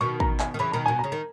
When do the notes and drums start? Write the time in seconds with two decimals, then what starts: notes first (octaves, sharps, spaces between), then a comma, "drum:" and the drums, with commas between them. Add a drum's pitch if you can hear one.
0.01 B2 D#3 C#6
0.20 A#5, drum: kick
0.40 G#5, drum: clap
0.54 D#3
0.59 C#3 E3 B5
0.72 B2 D#3 A#5
0.86 B2 G#5
0.99 C#3 A#5
1.12 D#3